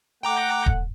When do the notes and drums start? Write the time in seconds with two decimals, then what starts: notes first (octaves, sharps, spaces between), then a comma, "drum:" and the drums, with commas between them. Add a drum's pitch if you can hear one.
0.23 A3 F#5 G5 A#5 D6
0.66 drum: kick D#1